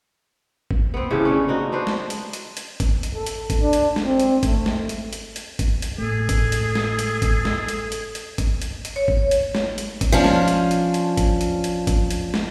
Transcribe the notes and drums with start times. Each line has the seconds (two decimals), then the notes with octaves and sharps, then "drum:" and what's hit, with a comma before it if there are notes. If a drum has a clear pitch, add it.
0.71 drum: kick
0.94 B3 C4
1.10 C#3 E3 G4 A4
1.25 D3 C#4
1.48 C4 D#4 F#4
1.72 B3 D4 B4 C5
1.87 drum: snare
2.10 drum: hi-hat
2.33 drum: hi-hat
2.57 drum: hi-hat
2.80 drum: kick, hi-hat
3.03 drum: hi-hat
3.15 A4
3.26 drum: hi-hat
3.50 drum: kick, hi-hat
3.61 D4
3.73 drum: hi-hat
3.96 drum: snare
4.06 C4
4.20 drum: hi-hat
4.43 A3, drum: kick, hi-hat
4.66 drum: snare
4.89 drum: hi-hat
5.13 drum: hi-hat
5.36 drum: hi-hat
5.59 drum: kick, hi-hat
5.82 drum: hi-hat
5.98 A2 A3 G#4 A4
6.29 drum: kick, hi-hat
6.52 drum: hi-hat
6.75 drum: snare
6.99 drum: hi-hat
7.22 drum: kick, hi-hat
7.45 drum: snare
7.68 drum: hi-hat
7.92 drum: hi-hat
8.15 drum: hi-hat
8.38 drum: kick, hi-hat
8.62 drum: hi-hat
8.85 drum: hi-hat
8.96 C#5
9.08 drum: kick
9.31 drum: hi-hat
9.55 drum: snare
9.78 drum: hi-hat
10.01 drum: kick, hi-hat
10.12 F3 C#4 D4
10.24 drum: snare
10.48 drum: hi-hat
10.71 drum: hi-hat
10.94 drum: hi-hat
11.17 drum: kick, hi-hat
11.41 drum: hi-hat
11.64 drum: hi-hat
11.87 drum: kick, hi-hat
12.11 drum: hi-hat
12.34 drum: snare